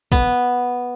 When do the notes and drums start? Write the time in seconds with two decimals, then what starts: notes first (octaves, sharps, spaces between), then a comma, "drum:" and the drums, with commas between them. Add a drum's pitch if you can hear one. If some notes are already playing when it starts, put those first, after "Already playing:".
0.12 B3, drum: kick